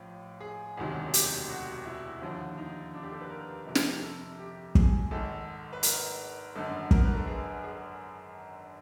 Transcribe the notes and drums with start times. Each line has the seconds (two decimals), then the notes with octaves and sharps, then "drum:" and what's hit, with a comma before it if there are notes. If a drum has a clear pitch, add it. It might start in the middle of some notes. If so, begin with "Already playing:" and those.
Already playing: A1 A2 F3
0.41 G#4
0.77 E1 D2 C3 D#3 F#3
1.14 G4, drum: hi-hat
1.49 F#4
1.86 E4
2.22 D#2 D3 F3
2.58 D#4
2.94 D4
3.03 G4
3.12 A4
3.21 B4
3.30 A#4
3.66 G1 F2 C3
3.75 drum: snare
4.02 A4
4.39 G4
4.75 G#4, drum: kick
5.11 G#1 G#2 D#3 A4
5.73 B4
5.83 A#4, drum: hi-hat
6.56 G#1 F#2 D3 A4
6.91 A#4, drum: kick
7.03 B4
7.16 A4
7.27 G#4
7.64 G#4